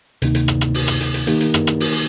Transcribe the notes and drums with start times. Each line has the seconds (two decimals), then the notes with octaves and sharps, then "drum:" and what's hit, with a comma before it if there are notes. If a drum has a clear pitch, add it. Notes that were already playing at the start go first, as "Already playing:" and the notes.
0.22 D2 C3 D#3 A#3 D#4, drum: hi-hat
0.35 drum: hi-hat
0.48 drum: rim click
0.61 drum: rim click
0.74 drum: open hi-hat
0.88 drum: rim click
1.01 drum: hi-hat
1.14 drum: hi-hat
1.27 D#3 A#3 D#4 G4 A#4, drum: hi-hat
1.41 drum: hi-hat
1.54 drum: rim click
1.67 drum: rim click
1.80 drum: open hi-hat